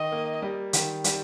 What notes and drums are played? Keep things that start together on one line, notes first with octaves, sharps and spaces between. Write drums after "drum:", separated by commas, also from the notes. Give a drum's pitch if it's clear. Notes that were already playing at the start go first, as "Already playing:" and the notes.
Already playing: D#3 D#5
A#3
G3
D#3, drum: hi-hat
G3, drum: hi-hat